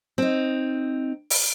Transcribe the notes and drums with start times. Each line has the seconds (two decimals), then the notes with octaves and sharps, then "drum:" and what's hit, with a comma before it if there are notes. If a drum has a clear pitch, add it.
0.18 C4 D#4
1.30 drum: open hi-hat